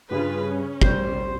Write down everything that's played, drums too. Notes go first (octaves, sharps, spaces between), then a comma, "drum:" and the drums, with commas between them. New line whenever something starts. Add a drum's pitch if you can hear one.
G2 C#3 F4 G#4 B4
C#4
G3 C5, drum: kick